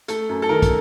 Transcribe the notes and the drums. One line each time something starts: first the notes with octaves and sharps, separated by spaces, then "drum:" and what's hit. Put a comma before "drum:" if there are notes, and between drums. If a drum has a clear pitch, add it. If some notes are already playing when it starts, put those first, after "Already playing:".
A3 A4, drum: hi-hat
F#2
A4
D#3 A#4
drum: kick, hi-hat